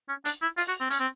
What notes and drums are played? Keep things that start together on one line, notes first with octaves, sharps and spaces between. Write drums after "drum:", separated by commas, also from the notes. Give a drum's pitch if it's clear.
C#4
D4, drum: hi-hat
E4
F4, drum: open hi-hat
F#4
C4
C#4, drum: hi-hat
C4